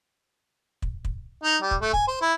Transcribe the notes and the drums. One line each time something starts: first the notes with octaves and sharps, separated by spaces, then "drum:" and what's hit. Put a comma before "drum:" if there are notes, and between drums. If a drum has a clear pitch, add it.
drum: kick
drum: kick
D#4
G3
drum: kick
A3
G#5, drum: kick
C5
E4